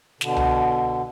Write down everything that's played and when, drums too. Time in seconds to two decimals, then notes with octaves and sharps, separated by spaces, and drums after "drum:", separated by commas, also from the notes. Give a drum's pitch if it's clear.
0.21 B2 D3, drum: snare
0.36 drum: tom C2